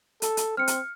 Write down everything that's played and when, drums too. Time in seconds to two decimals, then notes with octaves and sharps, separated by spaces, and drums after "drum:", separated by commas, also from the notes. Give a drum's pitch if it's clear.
0.22 A4, drum: hi-hat
0.37 drum: hi-hat
0.57 C4 F6 C#7
0.67 drum: hi-hat